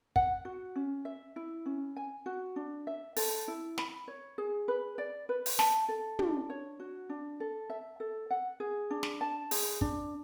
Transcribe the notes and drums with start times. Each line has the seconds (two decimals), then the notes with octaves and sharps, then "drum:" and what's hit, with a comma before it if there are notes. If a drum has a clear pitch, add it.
0.16 F#5, drum: kick
0.45 F#4
0.76 C#4
1.05 E5
1.36 E4
1.66 C#4
1.96 G#5
2.26 F#4
2.56 D4
2.87 E5
3.16 A4, drum: open hi-hat
3.48 E4
3.78 B5, drum: snare
4.08 C#5
4.38 G#4
4.68 B4
4.98 D5
5.29 B4
5.46 drum: open hi-hat
5.59 A5, drum: snare
5.89 A4
6.19 D4, drum: tom
6.50 C#5
6.80 F#4
7.09 D4
7.40 A4
7.70 E5
8.00 A4
8.31 F#5
8.60 G#4
8.91 D4
9.03 drum: snare
9.21 A5
9.51 G#4, drum: open hi-hat
9.81 D4, drum: kick